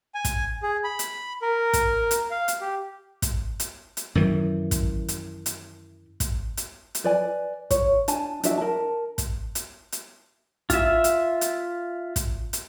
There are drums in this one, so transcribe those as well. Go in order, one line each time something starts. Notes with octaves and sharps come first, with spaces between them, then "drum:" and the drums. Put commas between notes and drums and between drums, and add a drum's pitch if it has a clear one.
G#5
drum: kick, hi-hat
G#4
B5
drum: hi-hat
A#4
drum: kick, hi-hat
drum: hi-hat
F5
drum: hi-hat
G4
drum: kick, hi-hat
drum: hi-hat
drum: hi-hat
F#2 D#3 E3
drum: kick, hi-hat
drum: hi-hat
drum: hi-hat
drum: kick, hi-hat
drum: hi-hat
drum: hi-hat
B4 D5 G#5
C#5, drum: kick, hi-hat
D4 G#5 A5, drum: hi-hat
D4 F#4 E5, drum: hi-hat
A#4 A5
drum: kick, hi-hat
drum: hi-hat
drum: hi-hat
F4 E5, drum: kick, hi-hat
drum: hi-hat
drum: hi-hat
drum: kick, hi-hat
drum: hi-hat